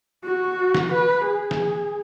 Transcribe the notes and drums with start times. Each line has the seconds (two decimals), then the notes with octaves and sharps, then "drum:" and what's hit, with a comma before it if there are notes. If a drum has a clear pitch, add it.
0.24 F#4
0.75 drum: snare
0.93 B4
1.26 G#4
1.51 drum: snare